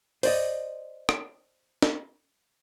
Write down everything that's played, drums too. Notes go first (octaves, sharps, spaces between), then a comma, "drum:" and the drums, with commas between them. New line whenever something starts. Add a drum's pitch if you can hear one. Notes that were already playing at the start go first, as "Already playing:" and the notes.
C5 D5 D#5, drum: open hi-hat
drum: rim click
drum: snare